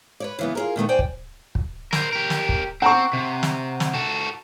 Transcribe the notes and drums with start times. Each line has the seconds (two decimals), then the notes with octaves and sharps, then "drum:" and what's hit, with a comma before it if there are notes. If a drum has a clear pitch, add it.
0.20 B4 C#5 D5
0.39 C#3 E3 B3
0.55 F4 G#4 A#4
0.76 A#2 D#3 A3 B3
0.89 C5 D5 G5 G#5
0.99 drum: kick
1.55 drum: kick
1.93 A#4 C5, drum: snare
2.13 G4 A#4
2.30 drum: snare
2.49 drum: kick
2.82 C4 F#5 A#5 C#6
3.13 C3
3.43 drum: snare
3.80 drum: snare
3.94 F#4 A4